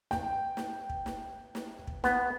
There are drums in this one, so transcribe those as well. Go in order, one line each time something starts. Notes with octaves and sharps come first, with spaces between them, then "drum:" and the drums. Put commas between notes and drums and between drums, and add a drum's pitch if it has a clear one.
G5, drum: snare
drum: snare
drum: kick
drum: snare
drum: snare
drum: kick
B3, drum: snare